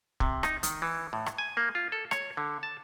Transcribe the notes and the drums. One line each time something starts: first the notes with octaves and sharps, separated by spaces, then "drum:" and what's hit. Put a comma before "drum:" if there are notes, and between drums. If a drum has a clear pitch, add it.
C3, drum: kick
D#4, drum: rim click
D#3, drum: hi-hat
E3
A2
drum: rim click
G#5
A#3
F4
A4
C#5, drum: rim click
D3
A5